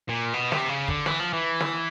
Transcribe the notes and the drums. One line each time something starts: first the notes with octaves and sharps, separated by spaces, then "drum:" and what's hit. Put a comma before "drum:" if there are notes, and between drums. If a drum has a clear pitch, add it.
A#2
B2
C3, drum: snare
C#3
D3, drum: kick
E3, drum: snare
F3
E3
drum: snare